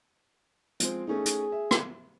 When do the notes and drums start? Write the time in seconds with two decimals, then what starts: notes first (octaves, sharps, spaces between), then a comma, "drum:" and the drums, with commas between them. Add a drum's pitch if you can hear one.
0.80 F3 G#3 C4, drum: hi-hat
1.07 A3 C#4 D#4 G#4
1.25 drum: hi-hat
1.52 E5
1.71 drum: rim click